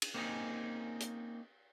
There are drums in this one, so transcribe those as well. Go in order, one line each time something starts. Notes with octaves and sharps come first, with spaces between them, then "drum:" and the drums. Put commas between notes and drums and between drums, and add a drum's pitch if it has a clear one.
drum: cymbal
A#3 C4 C#4 D#4 G#4
drum: hi-hat